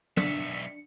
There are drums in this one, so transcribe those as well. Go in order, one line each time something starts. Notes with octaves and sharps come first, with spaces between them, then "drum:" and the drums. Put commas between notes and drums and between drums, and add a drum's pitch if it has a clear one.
B1 D4 E5 C#7, drum: tom